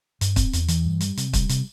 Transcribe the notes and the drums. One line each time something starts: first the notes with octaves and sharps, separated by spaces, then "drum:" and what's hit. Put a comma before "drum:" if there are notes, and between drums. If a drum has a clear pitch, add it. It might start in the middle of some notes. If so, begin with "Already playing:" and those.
G2, drum: hi-hat
C4, drum: kick, hi-hat
E2, drum: hi-hat
E3, drum: hi-hat
G2
G3, drum: hi-hat
C3, drum: hi-hat
G3, drum: kick, hi-hat
C3, drum: hi-hat